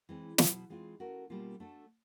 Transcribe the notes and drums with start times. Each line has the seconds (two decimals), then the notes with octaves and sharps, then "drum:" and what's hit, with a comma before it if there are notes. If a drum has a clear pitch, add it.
0.09 E3 G#3 C4
0.38 B2 F#3 B3, drum: snare
0.70 E3 G#3 C4 F4
1.00 A3 C#4 F#4 A#4
1.30 B2 G3 A#3 C#4 F4
1.60 A3 D4 F#4 A4